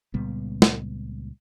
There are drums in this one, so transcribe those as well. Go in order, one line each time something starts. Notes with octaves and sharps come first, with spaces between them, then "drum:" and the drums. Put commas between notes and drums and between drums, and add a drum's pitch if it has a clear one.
C#2 A#2 G3 B3
drum: snare